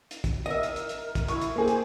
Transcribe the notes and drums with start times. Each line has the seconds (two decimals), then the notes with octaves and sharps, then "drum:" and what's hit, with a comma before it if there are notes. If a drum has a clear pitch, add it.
0.11 drum: hi-hat
0.24 drum: kick, hi-hat
0.46 A#4 D#5 E5
0.63 drum: hi-hat
0.76 drum: hi-hat
0.89 drum: hi-hat
1.15 drum: kick, hi-hat
1.28 E4 C#6, drum: hi-hat
1.42 drum: hi-hat
1.56 A#3 G#4 C5
1.68 drum: hi-hat